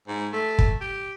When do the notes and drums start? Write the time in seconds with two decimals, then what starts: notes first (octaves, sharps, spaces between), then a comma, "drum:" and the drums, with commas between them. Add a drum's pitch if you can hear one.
0.08 G#2
0.33 A3
0.59 drum: kick
0.81 G4